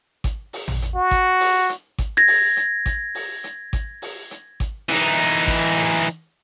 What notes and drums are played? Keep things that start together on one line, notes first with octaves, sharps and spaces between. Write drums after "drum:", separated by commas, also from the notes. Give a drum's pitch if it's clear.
drum: kick G#1, hi-hat
drum: open hi-hat
drum: tom
drum: hi-hat
F#4
drum: kick G#1, hi-hat
drum: open hi-hat
drum: hi-hat
drum: kick G#1, hi-hat
G#6 A#6
drum: open hi-hat
drum: hi-hat
drum: kick G#1, hi-hat
drum: open hi-hat
drum: hi-hat
drum: kick G#1, hi-hat
drum: open hi-hat
drum: hi-hat
drum: kick G#1, hi-hat
E3 D#4, drum: open hi-hat
drum: hi-hat
drum: kick G#1, hi-hat
drum: open hi-hat
drum: hi-hat